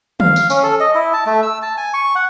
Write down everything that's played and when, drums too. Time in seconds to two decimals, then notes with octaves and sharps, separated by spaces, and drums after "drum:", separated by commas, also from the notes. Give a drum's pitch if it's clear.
0.20 F5, drum: tom
0.36 drum: tambourine
0.50 C#4, drum: tambourine
0.63 A4
0.80 D#5
0.95 E4
1.13 A5
1.26 A3
1.43 E6
1.62 A5
1.77 G#5
1.94 C#6
2.15 F#5